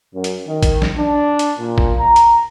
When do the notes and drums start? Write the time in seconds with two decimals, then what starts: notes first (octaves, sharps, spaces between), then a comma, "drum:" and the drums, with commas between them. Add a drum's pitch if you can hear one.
0.14 F#2
0.24 drum: hi-hat
0.47 D#3
0.63 drum: kick, hi-hat
0.82 drum: snare
0.97 D4
1.39 drum: hi-hat
1.59 A#2
1.78 drum: kick
1.99 A#5
2.16 drum: hi-hat